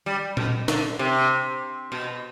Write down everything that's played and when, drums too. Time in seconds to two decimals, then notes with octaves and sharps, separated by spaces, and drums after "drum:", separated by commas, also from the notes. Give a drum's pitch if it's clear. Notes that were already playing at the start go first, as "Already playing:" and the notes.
0.06 G3
0.37 B2, drum: tom A#2
0.68 D3, drum: snare
0.99 C3
1.92 B2